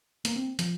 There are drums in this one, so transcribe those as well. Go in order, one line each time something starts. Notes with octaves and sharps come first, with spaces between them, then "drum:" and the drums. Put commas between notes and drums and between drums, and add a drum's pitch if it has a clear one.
A#3, drum: hi-hat
C4
F3, drum: hi-hat